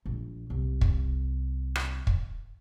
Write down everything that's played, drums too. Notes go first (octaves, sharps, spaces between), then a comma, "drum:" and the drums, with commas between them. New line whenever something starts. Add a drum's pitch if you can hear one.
A#1
C2
drum: kick
drum: rim click
drum: kick